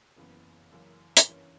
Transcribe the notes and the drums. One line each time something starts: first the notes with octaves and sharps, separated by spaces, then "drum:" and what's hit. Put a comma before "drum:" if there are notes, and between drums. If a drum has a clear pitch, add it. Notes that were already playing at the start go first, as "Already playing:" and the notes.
F#1 F#2 C#3 E3 B3
F#2 C#3 E3 A#3
drum: hi-hat
G2 E3 A#3 C#4